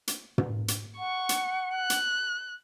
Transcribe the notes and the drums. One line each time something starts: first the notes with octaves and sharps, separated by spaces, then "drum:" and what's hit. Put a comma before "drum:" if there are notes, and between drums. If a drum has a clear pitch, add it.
drum: hi-hat
drum: tom
drum: hi-hat
F#5 C#6
drum: hi-hat
F#6
drum: hi-hat